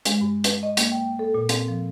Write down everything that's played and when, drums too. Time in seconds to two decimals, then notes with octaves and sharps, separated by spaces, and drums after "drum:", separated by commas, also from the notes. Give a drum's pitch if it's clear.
0.05 G#3, drum: hi-hat
0.21 G2
0.44 B4, drum: hi-hat
0.63 D#5
0.77 A#3, drum: hi-hat
0.92 G5
1.19 A4
1.35 A#2
1.49 C4, drum: hi-hat
1.68 F3